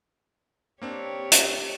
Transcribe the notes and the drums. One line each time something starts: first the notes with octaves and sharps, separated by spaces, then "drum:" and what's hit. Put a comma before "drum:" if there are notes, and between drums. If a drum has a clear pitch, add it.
A#3 C4 D4 G4 C#5
drum: hi-hat